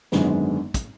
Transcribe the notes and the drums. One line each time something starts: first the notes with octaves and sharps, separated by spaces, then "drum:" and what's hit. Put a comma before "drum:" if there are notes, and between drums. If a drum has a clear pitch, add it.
G#1 F#2 D3 G#3 B3, drum: snare
drum: kick, hi-hat